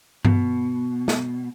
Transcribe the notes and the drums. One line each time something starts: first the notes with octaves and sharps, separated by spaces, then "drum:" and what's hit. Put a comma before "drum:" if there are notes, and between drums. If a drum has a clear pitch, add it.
B2, drum: tom G2
drum: snare